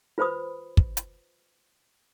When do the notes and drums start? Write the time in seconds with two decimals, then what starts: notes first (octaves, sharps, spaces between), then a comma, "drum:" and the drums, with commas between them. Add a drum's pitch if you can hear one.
0.18 F4 B4 C5 B5 D#6
0.77 drum: kick
0.97 drum: hi-hat